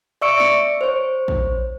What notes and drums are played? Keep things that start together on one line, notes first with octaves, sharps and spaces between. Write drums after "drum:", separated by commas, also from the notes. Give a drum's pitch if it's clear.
D5 E5 C#6 E6 C#7 D7
C#7, drum: snare
C5 C#5
drum: kick